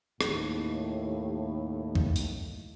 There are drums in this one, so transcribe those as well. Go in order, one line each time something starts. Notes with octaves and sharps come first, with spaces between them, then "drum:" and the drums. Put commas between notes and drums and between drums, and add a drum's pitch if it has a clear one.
D#2 A2, drum: rim click
drum: kick
drum: open hi-hat